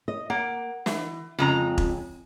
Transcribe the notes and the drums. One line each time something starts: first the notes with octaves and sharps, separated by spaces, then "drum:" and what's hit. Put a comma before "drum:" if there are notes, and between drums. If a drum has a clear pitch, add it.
D#5
A#3 F#5
E3, drum: snare
F2 C#3 G#3 A#5
drum: kick E1